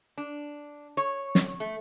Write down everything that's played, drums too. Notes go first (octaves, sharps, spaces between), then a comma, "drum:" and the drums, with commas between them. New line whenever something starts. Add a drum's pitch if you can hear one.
D4
C#5
drum: snare
A3